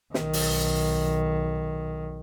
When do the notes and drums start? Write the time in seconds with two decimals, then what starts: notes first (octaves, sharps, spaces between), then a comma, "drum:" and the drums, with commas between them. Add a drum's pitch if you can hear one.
0.14 B1 D#3, drum: snare
0.33 drum: open hi-hat